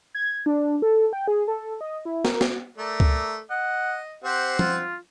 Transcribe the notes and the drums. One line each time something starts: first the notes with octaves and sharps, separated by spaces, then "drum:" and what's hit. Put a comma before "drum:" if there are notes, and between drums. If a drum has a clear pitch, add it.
G#6
D4
A4
G5
G#4
A4
D#5
E4
A#4, drum: snare
drum: snare
A3 A#4 D5
drum: kick C#2
D#5 F#5
C4 G4 C5 F#5
F4, drum: tom F3